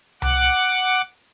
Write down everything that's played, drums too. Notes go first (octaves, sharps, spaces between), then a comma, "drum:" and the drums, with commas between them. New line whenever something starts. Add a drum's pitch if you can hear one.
F#5 D6 F#6, drum: tom C2